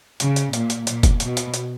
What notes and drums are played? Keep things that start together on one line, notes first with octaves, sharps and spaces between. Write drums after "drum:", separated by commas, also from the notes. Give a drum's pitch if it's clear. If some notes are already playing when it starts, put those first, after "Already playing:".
C#3, drum: hi-hat
drum: hi-hat
A#2, drum: hi-hat
drum: hi-hat
A#2, drum: hi-hat
drum: kick, hi-hat
B2, drum: hi-hat
drum: hi-hat
drum: hi-hat